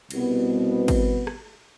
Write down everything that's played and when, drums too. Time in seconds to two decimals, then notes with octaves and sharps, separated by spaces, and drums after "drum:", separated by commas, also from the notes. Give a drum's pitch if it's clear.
0.11 C2 B2 B3, drum: cymbal
0.88 drum: kick G#1, cymbal
1.27 drum: rim click